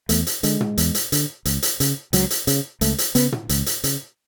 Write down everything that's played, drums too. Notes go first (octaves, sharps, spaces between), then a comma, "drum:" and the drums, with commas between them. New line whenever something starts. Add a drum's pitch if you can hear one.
E2 A3, drum: hi-hat
drum: hi-hat
D3 G#3, drum: hi-hat
drum: tom
E2, drum: hi-hat
drum: hi-hat
D3, drum: hi-hat
C#2, drum: hi-hat
drum: hi-hat
C#3, drum: hi-hat
C#2 F#3, drum: hi-hat
drum: hi-hat
C#3, drum: hi-hat
C#2 A3, drum: hi-hat
drum: hi-hat
C#3 B3, drum: hi-hat
drum: tom
C#2, drum: hi-hat
drum: hi-hat
C#3, drum: hi-hat